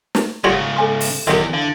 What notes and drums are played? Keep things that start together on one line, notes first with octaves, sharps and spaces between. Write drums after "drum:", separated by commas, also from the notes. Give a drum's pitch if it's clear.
drum: snare
G#2 C#3 G3 F#4 C#5 C6
A4 G#5 C6
drum: open hi-hat
E2 D#3 F#3 E4 G4 C6
D3 F5